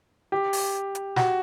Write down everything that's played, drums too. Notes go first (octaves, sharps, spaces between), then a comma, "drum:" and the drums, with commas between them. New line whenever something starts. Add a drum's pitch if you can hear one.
G4
drum: open hi-hat
drum: hi-hat
F#4, drum: snare